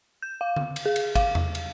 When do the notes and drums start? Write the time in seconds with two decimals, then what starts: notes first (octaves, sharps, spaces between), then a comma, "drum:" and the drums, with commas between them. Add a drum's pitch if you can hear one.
0.22 G6
0.41 F5
0.56 drum: tom D3
0.76 drum: cymbal
0.86 G#4
0.96 drum: cymbal
1.15 F5, drum: kick G#1, cymbal
1.35 drum: tom E2
1.55 drum: cymbal